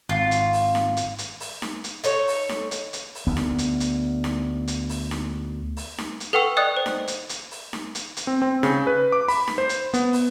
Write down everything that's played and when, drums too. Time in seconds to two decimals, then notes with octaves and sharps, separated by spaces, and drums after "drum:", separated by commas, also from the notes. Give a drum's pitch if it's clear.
0.09 G#1 F4
0.31 drum: hi-hat
0.53 drum: open hi-hat
0.75 drum: snare D#4
0.97 drum: hi-hat
1.18 drum: hi-hat
1.40 drum: open hi-hat
1.62 drum: snare D#4
1.84 drum: hi-hat
2.04 D#4 A4 C#5, drum: hi-hat
2.28 drum: open hi-hat
2.49 drum: snare D#4
2.71 drum: hi-hat
2.93 drum: hi-hat
3.15 drum: open hi-hat
3.27 D2 B3
3.37 drum: snare D#4
3.58 drum: hi-hat
3.80 drum: hi-hat
4.24 drum: snare D#4
4.68 drum: hi-hat
4.89 drum: open hi-hat
5.11 drum: snare D#4
5.77 drum: open hi-hat
5.98 drum: snare D#4
6.20 drum: hi-hat
6.33 A4 B4 F#5 G5 C#6 E6
6.57 D5 D#5 G5 D#6 F#6
6.77 C5
6.86 drum: snare D#4
7.08 drum: hi-hat
7.29 drum: hi-hat
7.51 drum: open hi-hat
7.73 drum: snare D#4
7.95 drum: hi-hat
8.17 drum: hi-hat
8.27 C4
8.42 C4
8.63 C#3, drum: snare D#4
8.87 B4
9.12 D6
9.28 B5, drum: open hi-hat
9.47 drum: snare D#4
9.58 C5
9.69 drum: hi-hat
9.94 B3, drum: hi-hat
10.13 drum: open hi-hat